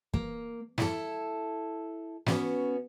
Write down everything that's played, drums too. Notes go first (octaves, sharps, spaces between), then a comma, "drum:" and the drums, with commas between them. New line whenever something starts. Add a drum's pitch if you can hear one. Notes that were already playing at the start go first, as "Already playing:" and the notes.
A#3, drum: kick
E4 A4, drum: snare
B3 C#4 F#4, drum: snare